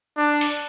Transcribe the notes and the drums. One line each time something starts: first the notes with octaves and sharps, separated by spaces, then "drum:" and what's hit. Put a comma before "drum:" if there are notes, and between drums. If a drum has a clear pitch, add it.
D4
drum: open hi-hat